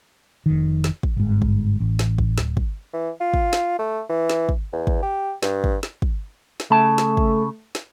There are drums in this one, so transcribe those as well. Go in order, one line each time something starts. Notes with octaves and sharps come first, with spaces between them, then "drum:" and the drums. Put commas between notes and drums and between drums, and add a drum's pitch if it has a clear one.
F1 D#3
drum: snare
drum: kick
G1 G#2
drum: kick
A1
drum: snare
drum: kick
D1, drum: snare
drum: kick
E3
F4
drum: kick
drum: snare
A3
E3
drum: snare
drum: kick
E2
drum: kick
G4
G2, drum: snare
drum: kick
drum: snare
drum: kick
drum: snare
C#3 A3 A5
drum: snare
drum: kick
drum: snare